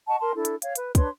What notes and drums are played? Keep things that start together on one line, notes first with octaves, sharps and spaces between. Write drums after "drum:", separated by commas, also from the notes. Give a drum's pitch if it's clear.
D#5 F#5 A5 C#6
A#4 A5 C6
D4 E4 A4
drum: hi-hat
C#5 F5, drum: hi-hat
B4, drum: hi-hat
D4 B4 C#5 C6, drum: kick, hi-hat